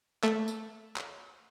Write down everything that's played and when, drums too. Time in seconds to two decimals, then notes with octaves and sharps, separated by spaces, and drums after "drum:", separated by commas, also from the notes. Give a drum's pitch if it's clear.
0.23 A3, drum: clap
0.48 drum: tambourine
0.96 drum: clap